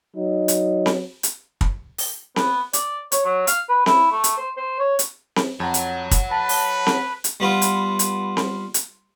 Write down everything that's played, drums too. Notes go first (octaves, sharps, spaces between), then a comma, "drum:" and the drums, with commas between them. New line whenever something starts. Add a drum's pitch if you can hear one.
F#3 D#4
drum: hi-hat
drum: snare C4
drum: hi-hat
drum: kick
drum: open hi-hat
B3, drum: snare C4
D5, drum: hi-hat
C#5, drum: hi-hat
F#3
F5, drum: hi-hat
B4
E4, drum: snare C4
A3
drum: hi-hat
C5
C5
C#5
drum: hi-hat
drum: snare C4
F2 C#5 F#5 A#5
drum: hi-hat
drum: kick, hi-hat
B4 A5
drum: open hi-hat
drum: snare C4
drum: hi-hat
G3 B3 F4
drum: hi-hat
drum: hi-hat
drum: snare C4
drum: hi-hat